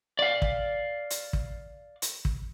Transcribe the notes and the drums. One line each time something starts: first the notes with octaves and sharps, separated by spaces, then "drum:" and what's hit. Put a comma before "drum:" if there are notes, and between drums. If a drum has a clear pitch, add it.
D5 F5
drum: kick
drum: hi-hat
drum: kick
drum: hi-hat
drum: kick